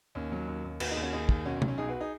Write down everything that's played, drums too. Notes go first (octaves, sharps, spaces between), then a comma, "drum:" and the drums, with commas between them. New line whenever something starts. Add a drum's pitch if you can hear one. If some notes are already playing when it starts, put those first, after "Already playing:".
D#2 C#4
F#3
D#2
D#2
D#2 F#4 B4, drum: cymbal
D#4 G#4
D#2
C#4 F#4
D#2 D#4 G#4
D#3, drum: kick
B1 C#4 F#4
C#4
F#3, drum: tom
C#4
B1 D#4 G#4
F#4 B4
D#4 G#4